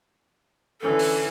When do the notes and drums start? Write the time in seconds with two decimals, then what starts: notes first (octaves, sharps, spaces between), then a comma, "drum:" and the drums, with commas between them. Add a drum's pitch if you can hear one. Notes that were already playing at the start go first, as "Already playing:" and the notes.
0.81 D3 E3 C#4 A4
0.99 drum: open hi-hat